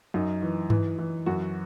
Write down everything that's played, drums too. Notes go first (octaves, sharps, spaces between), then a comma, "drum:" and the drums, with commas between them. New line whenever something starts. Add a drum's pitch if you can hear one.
F#2 D#4
E3
E3, drum: tom G2
E3
F#2 F#4